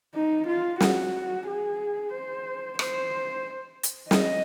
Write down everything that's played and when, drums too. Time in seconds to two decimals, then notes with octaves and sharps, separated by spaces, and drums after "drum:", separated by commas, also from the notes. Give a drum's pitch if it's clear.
0.15 D#4
0.47 F4
0.80 F#4, drum: snare
1.47 G#4
2.13 C5
2.79 C5, drum: rim click
3.83 drum: hi-hat
4.11 D#5, drum: snare